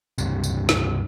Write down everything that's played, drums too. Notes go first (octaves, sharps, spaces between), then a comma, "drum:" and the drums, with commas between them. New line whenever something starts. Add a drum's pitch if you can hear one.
C#2 G2 C3, drum: tambourine
drum: tambourine
drum: snare